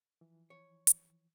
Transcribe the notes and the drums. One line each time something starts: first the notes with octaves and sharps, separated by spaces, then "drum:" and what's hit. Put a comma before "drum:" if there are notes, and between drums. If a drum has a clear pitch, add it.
E3 F3
C#5
drum: hi-hat